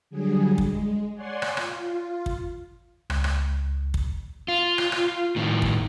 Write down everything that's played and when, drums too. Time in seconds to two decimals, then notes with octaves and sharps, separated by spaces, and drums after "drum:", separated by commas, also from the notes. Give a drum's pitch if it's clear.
0.10 D3 F#3 G3 G#4
0.58 G#3, drum: kick
1.15 C#5 D5 F#5 G#5 C6
1.42 drum: rim click
1.57 F4, drum: rim click
2.26 drum: kick
3.10 C#2, drum: rim click
3.24 drum: rim click
3.94 drum: kick
4.48 F4
4.78 drum: rim click
4.92 drum: rim click
5.36 A2 D#3
5.62 drum: kick